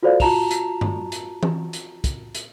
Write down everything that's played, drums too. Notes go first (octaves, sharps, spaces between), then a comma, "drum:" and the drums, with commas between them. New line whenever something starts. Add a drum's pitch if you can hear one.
F4 F#4 A4 C5 D5 F5
F4 F#4 A5 A#5 E7 F7, drum: kick, open hi-hat
drum: hi-hat
drum: tom G2
drum: hi-hat
drum: tom E3
drum: hi-hat
drum: kick, hi-hat
drum: hi-hat